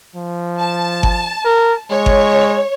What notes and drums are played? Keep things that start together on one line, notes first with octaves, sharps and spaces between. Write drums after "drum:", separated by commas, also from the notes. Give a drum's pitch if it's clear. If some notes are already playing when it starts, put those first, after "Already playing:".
F3
A5
drum: kick G1
A#4
G#3 C#5
drum: kick G1